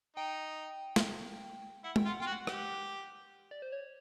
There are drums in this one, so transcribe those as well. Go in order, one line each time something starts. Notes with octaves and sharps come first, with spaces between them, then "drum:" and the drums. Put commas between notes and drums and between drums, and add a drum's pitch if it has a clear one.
D#4 G5
drum: snare
E4 F#5
G5, drum: tom G#3
F4
F#5
F4 G5
F#4
F#5
G4, drum: rim click
D5
C5
C#5